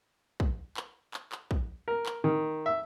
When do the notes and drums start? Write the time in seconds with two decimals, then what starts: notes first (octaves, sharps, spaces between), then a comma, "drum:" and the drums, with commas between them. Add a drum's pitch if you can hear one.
0.40 drum: kick A#1
0.77 drum: clap
1.14 drum: clap
1.32 drum: clap
1.51 drum: kick A#1
1.88 A#4
2.06 drum: clap
2.24 D#3
2.66 E5